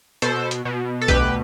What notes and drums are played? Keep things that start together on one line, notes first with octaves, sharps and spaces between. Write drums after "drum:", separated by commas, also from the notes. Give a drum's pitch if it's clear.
B2 A4 C5, drum: hi-hat
drum: hi-hat
B2
A4
D2 G4 B4, drum: kick B1, hi-hat